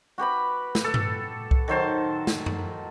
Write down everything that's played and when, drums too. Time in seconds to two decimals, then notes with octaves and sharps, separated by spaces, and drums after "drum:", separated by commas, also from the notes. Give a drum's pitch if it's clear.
0.18 F#4 G4 B4 B5
0.75 drum: snare
0.84 A4
0.94 drum: tom G2
1.51 drum: kick C2
1.68 D#3 F#3 C5 A5
2.27 drum: snare
2.46 drum: tom F#2